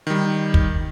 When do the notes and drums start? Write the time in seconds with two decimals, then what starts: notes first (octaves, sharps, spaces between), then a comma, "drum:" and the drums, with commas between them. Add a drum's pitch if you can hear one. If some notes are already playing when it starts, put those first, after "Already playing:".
0.07 D#3 G3
0.54 drum: kick